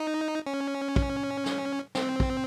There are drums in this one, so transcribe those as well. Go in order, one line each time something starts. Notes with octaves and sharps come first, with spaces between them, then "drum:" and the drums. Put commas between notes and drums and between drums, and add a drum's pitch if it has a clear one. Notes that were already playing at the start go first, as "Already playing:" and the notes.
Already playing: D#4
C#4
drum: kick
drum: snare
C4, drum: snare
drum: kick